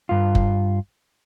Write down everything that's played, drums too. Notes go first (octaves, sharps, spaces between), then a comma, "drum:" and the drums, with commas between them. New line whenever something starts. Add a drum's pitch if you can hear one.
G2 F4
drum: kick F#1